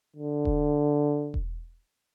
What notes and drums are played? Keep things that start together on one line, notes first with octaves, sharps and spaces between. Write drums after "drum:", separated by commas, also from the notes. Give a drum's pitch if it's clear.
D3
drum: kick E1
drum: kick E1